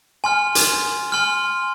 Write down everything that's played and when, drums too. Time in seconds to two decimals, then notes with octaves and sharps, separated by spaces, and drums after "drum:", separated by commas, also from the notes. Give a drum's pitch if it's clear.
0.24 G#5 C6 F6
0.55 drum: hi-hat
1.12 G#5 C6 F6